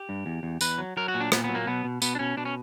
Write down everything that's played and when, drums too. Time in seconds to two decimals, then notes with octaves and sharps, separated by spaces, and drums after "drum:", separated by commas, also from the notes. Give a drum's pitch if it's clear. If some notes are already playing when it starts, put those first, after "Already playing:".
Already playing: G4
0.09 G2
0.26 E2
0.43 E2
0.61 E2 B4, drum: tambourine
0.78 F#3
0.97 F#3 A#4
1.08 F#4
1.14 A#2
1.21 D4
1.32 A#2 B3, drum: rim click
1.44 F#3 B3
1.55 A#3
1.67 B2 B3
1.84 B2
2.02 B2 B3, drum: tambourine
2.15 D4
2.19 B2 C#4
2.37 B2 D4
2.45 C#4